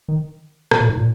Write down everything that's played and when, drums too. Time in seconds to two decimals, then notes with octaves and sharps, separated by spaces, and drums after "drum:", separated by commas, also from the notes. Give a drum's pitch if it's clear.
0.08 D#3
0.71 B2, drum: rim click
0.81 A#2
0.89 G#2
0.97 A#2